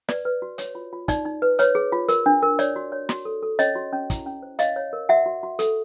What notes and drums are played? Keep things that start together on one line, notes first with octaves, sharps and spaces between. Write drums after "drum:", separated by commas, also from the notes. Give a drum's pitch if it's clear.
B4 D5, drum: snare
B4
F#4
C#5, drum: hi-hat
F4
F4
D#4 D5, drum: kick, hi-hat
D#4
B4
B4 C#5, drum: hi-hat
G#4
F4
A#4, drum: hi-hat
D4
A#4
C#5 D5, drum: hi-hat
F#4
C#5
F#4, drum: snare
A4
A4
C#4 C#5 D#5, drum: hi-hat
F#4
C#4
E4, drum: kick, hi-hat
C#4
C5
C#5 D#5 F5, drum: hi-hat
C#5
A#4
F#4 E5 F#5
F#4
F#4
A4, drum: hi-hat